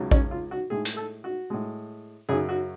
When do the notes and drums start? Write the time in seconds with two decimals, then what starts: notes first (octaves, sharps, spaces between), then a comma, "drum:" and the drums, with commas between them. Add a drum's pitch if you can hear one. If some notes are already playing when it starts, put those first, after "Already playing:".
Already playing: C#2 C#3 F#3
0.11 C#4, drum: kick A1
0.31 F4
0.51 F#4
0.70 A2 G#3 G#4
0.85 drum: hi-hat
0.97 A4
1.24 F#4
1.50 A2 G#3
2.29 F#2 C#3 F#3 G#4
2.49 F#4